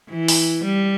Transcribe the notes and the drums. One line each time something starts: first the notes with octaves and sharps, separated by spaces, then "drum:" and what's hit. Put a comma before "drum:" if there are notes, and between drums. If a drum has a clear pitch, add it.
E3
drum: open hi-hat
G3